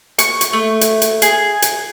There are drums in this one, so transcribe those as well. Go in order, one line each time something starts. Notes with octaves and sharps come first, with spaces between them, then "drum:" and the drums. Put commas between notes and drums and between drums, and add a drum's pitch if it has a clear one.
C#6, drum: hi-hat
drum: hi-hat
A3
drum: hi-hat
drum: hi-hat
G#4, drum: hi-hat
drum: hi-hat